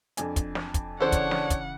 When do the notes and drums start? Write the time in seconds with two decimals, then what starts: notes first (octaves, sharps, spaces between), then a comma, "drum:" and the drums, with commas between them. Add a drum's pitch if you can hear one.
0.17 F2 D4 G#5, drum: hi-hat
0.36 drum: kick, hi-hat
0.55 drum: snare
0.74 drum: kick, hi-hat
1.01 C#3 E3 D4 A4 C5 C#5 F#5
1.12 drum: kick, hi-hat
1.31 drum: snare
1.50 drum: kick, hi-hat